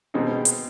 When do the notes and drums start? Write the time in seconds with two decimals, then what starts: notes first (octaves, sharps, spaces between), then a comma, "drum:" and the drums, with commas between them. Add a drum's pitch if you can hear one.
0.14 B2 G#3 C4 D#4
0.45 drum: hi-hat